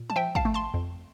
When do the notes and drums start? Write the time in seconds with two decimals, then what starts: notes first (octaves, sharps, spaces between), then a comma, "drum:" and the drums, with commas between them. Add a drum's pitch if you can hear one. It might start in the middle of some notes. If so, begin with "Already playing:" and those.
Already playing: A#2
0.10 A5, drum: tom
0.16 F3 E5 G5
0.35 F5 A5, drum: kick
0.45 A3
0.54 A5 C6
0.74 F2